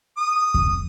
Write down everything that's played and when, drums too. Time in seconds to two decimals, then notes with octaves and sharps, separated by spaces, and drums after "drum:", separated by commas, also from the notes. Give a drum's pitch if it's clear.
0.17 D#6
0.54 drum: kick E2